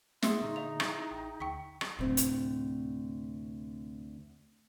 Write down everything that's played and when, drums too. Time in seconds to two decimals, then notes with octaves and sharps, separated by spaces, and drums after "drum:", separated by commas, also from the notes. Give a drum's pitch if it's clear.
0.22 G#4 E5 C6 D#6, drum: snare
0.41 A#2 D3 D#4 C#6
0.56 D#5 F5 F7
0.80 E4 G6, drum: rim click
1.11 A1 G5 C#7
1.40 D2 G5 C#6 B6
1.81 drum: rim click
1.99 D2 A2 C3 C4
2.17 drum: hi-hat